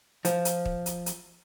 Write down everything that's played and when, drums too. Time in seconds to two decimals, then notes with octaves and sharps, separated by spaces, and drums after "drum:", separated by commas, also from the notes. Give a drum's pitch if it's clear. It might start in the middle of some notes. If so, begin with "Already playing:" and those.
0.25 F3, drum: hi-hat
0.45 drum: hi-hat
0.65 drum: kick
0.86 drum: hi-hat
1.06 drum: hi-hat